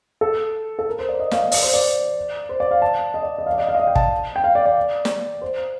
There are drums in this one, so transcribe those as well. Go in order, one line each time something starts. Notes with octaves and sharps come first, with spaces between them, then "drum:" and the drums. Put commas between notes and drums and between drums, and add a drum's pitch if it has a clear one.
A4
A4
A#4
C5
D5
D#5
F5, drum: snare
D#5
D5, drum: open hi-hat
C5
D5
C5
D5
F5
A5
D#5
D5
D#5
F5
D5
D#5
F5
D#5
F5
G5
A5, drum: kick
G5
F5
D5
D5
drum: snare
C5